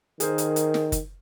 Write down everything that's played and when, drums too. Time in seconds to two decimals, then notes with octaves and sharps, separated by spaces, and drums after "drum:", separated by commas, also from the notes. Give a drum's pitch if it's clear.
0.20 D#3 G#4 A#4 C5, drum: hi-hat
0.38 drum: hi-hat
0.56 drum: hi-hat
0.74 drum: snare
0.92 drum: kick F#1, hi-hat